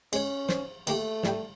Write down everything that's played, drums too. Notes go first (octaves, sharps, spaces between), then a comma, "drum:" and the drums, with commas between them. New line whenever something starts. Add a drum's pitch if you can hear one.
G#3 C#4 C#5, drum: cymbal
C5, drum: snare
D#3 A3 A#3 G4, drum: cymbal
A1 G3 G5, drum: snare